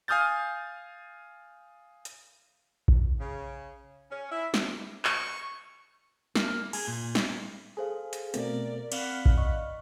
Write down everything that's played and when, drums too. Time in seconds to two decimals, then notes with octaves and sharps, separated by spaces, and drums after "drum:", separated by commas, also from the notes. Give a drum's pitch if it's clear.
0.08 F5 G#5 D#6 F6 G6 A6
2.05 drum: hi-hat
2.88 drum: kick A#1
3.19 C#3
4.09 C#4
4.29 E4
4.54 drum: snare
5.05 C#6, drum: clap
6.35 A#3, drum: snare
6.73 G#4, drum: cymbal
6.87 A#2
7.15 drum: snare
7.77 G#4 A4 C5 F5
8.13 drum: hi-hat
8.34 B2 A3 C4 A#4 D5, drum: hi-hat
8.92 C4 D5 F5 F#5 B5 F6, drum: cymbal
9.26 drum: kick A#1
9.37 D#5 C#6